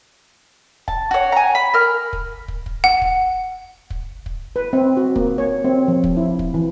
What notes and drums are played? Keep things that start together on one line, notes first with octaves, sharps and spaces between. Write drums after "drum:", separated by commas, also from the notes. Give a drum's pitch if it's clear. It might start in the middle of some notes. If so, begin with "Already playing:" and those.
A5, drum: kick
F#4 C#5
G#5 A#5
B5
A#4 F6
drum: kick
drum: kick
drum: kick
F#5
drum: kick
drum: kick
drum: kick
B4
C4
F#4
A#3, drum: kick
C#5
C4
F3
drum: kick
E4
drum: kick
E3